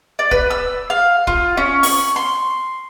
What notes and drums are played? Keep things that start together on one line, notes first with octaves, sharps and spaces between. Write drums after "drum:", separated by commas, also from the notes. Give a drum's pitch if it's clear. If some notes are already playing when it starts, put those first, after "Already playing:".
D5
B4, drum: kick
E6
F5
F4, drum: kick
C#4
C#6, drum: open hi-hat
C6